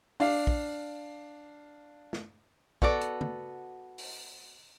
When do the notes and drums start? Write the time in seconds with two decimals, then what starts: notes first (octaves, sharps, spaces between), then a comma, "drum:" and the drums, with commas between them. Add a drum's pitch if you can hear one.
0.20 D4 F5, drum: open hi-hat
0.47 drum: kick
2.13 drum: snare
2.82 B3 F#4 A4 D5, drum: kick
3.01 drum: hi-hat
3.21 drum: tom C#3
3.98 drum: open hi-hat